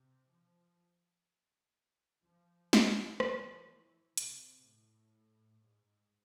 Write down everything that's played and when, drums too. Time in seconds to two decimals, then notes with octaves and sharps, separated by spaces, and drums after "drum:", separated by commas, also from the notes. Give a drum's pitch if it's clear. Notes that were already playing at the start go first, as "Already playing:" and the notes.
Already playing: C3
0.31 F3
2.24 F3
2.73 E3, drum: snare
3.20 F3, drum: rim click
3.69 E3
4.17 C3, drum: hi-hat
4.66 A2
5.62 G#2